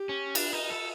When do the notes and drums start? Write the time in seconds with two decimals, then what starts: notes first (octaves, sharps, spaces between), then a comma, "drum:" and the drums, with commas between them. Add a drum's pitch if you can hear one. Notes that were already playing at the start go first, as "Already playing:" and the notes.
Already playing: G4
0.09 C#4
0.35 D4, drum: cymbal
0.53 D#4
0.70 A4